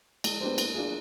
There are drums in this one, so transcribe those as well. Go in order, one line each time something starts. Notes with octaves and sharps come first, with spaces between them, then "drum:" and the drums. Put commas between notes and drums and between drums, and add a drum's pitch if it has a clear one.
G#3, drum: cymbal
B3 D4 G4 C5
A#3, drum: cymbal
D4 F4 G#4